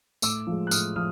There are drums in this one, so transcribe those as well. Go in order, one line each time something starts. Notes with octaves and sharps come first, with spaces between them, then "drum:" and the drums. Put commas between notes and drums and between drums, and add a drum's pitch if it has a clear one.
A2 D6 E6, drum: tambourine
F3 G#3
F#6
A2 D#6 F6, drum: tambourine
F3 D#6 F6